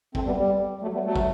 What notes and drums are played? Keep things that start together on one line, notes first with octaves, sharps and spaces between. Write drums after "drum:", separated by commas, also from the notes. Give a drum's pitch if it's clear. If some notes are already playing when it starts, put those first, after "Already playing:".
A3 C4, drum: kick
G3 B3
G3
F#3 A3
G3 B3
F#3 A3
drum: kick